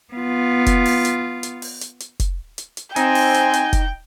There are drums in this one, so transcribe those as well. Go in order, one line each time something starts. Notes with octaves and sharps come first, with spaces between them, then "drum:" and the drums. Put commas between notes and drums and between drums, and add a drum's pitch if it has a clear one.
B3 F4
drum: kick F1, hi-hat
drum: open hi-hat
drum: hi-hat
drum: hi-hat
drum: open hi-hat
drum: hi-hat
drum: hi-hat
drum: kick F1, hi-hat
drum: hi-hat
drum: hi-hat
C4 D#4 G5 G#5, drum: hi-hat
drum: open hi-hat
drum: hi-hat
drum: hi-hat
drum: kick F1, hi-hat